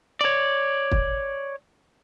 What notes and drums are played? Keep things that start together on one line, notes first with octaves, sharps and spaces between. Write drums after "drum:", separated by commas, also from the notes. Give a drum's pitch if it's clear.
C#5 D5
drum: kick